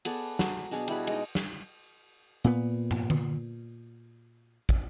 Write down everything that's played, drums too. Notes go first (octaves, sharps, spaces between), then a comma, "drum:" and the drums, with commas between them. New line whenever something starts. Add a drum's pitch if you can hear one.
B3 G#4 A4 D5, drum: cymbal
F#3, drum: snare
B2 D4 G#4 C#5
G3 E4 G#4 B4, drum: cymbal
G#3 D#4, drum: cymbal
drum: snare
A#2 B3
drum: tom
drum: tom D3
drum: kick